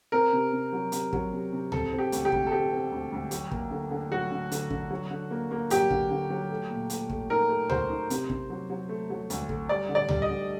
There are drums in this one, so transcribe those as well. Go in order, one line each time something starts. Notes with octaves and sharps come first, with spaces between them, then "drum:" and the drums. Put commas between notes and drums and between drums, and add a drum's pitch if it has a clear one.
C4 A#4
C3
C3
F#3
C3, drum: hi-hat
F#3, drum: kick
C3
C3
C4 A4, drum: tom C#2
C4
G4
D2, drum: hi-hat
G4
D2, drum: kick
A4
C4 G4
C4
D2
D2
F#3, drum: hi-hat
A#3, drum: kick
D3
D3
F#3 F#4
D3
D3, drum: hi-hat
D3, drum: kick
F#3
D3
A#3
A#3
F#3 G4, drum: hi-hat
D3, drum: kick
D3
F#3
A3
A#2
A3, drum: hi-hat
A3, drum: kick
D#4 A#4
A3
F#4 C5, drum: tom C#2
D#4
C3, drum: hi-hat
C3, drum: kick
F#3
F#3
A3
F#3
D2, drum: hi-hat
A3, drum: kick
G3 D5
D3
D5
G3, drum: tom C#2
D#5
D3